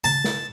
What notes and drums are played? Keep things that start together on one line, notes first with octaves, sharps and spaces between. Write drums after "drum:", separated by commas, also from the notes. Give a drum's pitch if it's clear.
A5, drum: tom C#3
drum: snare